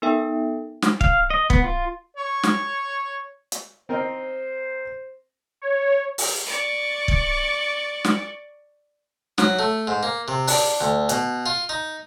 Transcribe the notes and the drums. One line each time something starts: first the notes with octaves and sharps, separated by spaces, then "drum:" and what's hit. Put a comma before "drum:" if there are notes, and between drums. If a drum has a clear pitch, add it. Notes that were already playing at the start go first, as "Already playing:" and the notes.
B3 D#4 A4 A#4 E5 G5
drum: snare
F5, drum: kick
D#5
B3, drum: kick
F4
C#5
drum: snare
drum: hi-hat
C4 A#4 C5 D#5
C#5
drum: open hi-hat
D5 C#6
drum: kick
drum: snare
F#3, drum: snare
A3
G#2
A#3
C3
D4, drum: open hi-hat
D2
B2, drum: hi-hat
F4
D#4